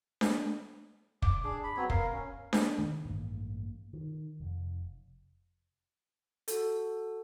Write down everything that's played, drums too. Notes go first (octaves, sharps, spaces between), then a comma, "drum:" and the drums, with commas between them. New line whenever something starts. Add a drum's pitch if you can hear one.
drum: snare D4
D6, drum: kick
D4 G#4
B5
F#3 B3 C4 C#5
A#4 F5, drum: kick
C#4
drum: snare D4
D#3
A1 G2 A#3
D#3
F1
F#4 A4, drum: hi-hat